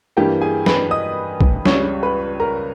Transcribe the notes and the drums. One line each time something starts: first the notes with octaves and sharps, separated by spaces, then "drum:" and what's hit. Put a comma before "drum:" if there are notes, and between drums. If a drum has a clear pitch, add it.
G2 E3 A#3 G4 G5
G#4 G#5
B4 B5, drum: snare
D#5 D#6
drum: kick
C#2 C#3 G3 C#5 C#6, drum: snare
B4 B5
A#4 A#5